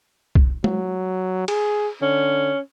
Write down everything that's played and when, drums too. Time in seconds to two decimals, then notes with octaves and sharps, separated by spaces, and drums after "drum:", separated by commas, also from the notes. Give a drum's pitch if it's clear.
0.35 drum: kick C2
0.64 F#3, drum: tom G#3
1.48 G#4, drum: cymbal
2.02 D3 C#4